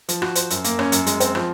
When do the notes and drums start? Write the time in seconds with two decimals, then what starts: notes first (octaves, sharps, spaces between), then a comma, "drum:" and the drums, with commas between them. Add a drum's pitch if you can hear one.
0.09 F3, drum: hi-hat
0.22 F#4, drum: rim click
0.35 C5, drum: hi-hat
0.50 F#2, drum: hi-hat
0.64 A#3, drum: hi-hat
0.79 C#4, drum: rim click
0.92 F#2, drum: hi-hat
1.06 G#3, drum: hi-hat
1.20 C4, drum: hi-hat
1.35 F3, drum: rim click